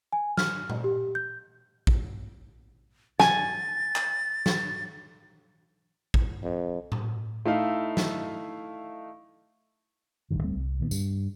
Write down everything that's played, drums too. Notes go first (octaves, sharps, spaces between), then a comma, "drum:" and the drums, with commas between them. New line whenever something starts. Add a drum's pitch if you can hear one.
G#5
F6, drum: snare
drum: tom A#2
G4
G6
drum: kick A1
G#5 A6, drum: snare
drum: clap
drum: snare
drum: kick A1
F2
drum: tom A2
A3 D#4 E4 D#5 F5
drum: snare
E1 A1 G2 D#3
D1 G3 A3 C4
C2
A#2 D#3 G#3 B3
G2, drum: tambourine